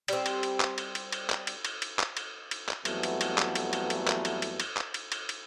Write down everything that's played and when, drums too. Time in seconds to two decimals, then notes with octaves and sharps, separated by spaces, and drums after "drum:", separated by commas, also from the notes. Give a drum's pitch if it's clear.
0.08 G3 C4, drum: cymbal
0.26 drum: cymbal
0.43 drum: cymbal
0.60 drum: clap
0.78 drum: cymbal
0.95 drum: cymbal
1.12 drum: cymbal
1.30 drum: clap
1.47 drum: cymbal
1.65 drum: cymbal
1.82 drum: cymbal
1.99 drum: clap
2.17 drum: cymbal
2.51 drum: cymbal
2.69 drum: clap
2.85 F2 E3 F#3 G3 A3 B3, drum: cymbal
3.03 drum: cymbal
3.21 drum: cymbal
3.38 drum: clap
3.55 drum: cymbal
3.73 drum: cymbal
3.90 drum: cymbal
4.08 drum: clap
4.25 drum: cymbal
4.42 drum: cymbal
4.60 drum: cymbal
4.77 drum: clap
4.94 drum: cymbal
5.12 drum: cymbal
5.29 drum: cymbal